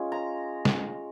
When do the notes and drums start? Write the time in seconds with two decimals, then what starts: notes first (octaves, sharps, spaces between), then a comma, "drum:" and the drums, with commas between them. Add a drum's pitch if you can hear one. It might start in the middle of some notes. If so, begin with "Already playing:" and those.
Already playing: G#3 C#4 F4
0.12 A#5
0.65 drum: snare